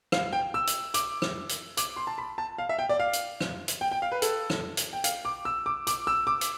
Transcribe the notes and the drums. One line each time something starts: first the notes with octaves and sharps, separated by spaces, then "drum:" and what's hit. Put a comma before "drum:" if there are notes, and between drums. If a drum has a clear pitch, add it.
F5, drum: rim click
G5
E6
drum: hi-hat
D6, drum: hi-hat
drum: rim click
drum: hi-hat
D6, drum: hi-hat
C6
A5
B5
A5
F5
E5
G5
D5
F5
drum: hi-hat
drum: rim click
drum: hi-hat
G5
G5
F5
B4
A4, drum: hi-hat
drum: rim click
drum: hi-hat
G5
F5, drum: hi-hat
D6
E6
D6
D6, drum: hi-hat
E6
D6
drum: hi-hat